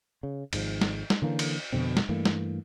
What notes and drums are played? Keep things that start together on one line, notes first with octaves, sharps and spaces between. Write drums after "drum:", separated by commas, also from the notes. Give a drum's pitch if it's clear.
C#3
G#1 G#2 F3, drum: cymbal
drum: snare
drum: snare
D3 E3 A#3 C#4
drum: cymbal
F2 B2 D3 C4
drum: snare
G2 E3 A3 A#3
drum: snare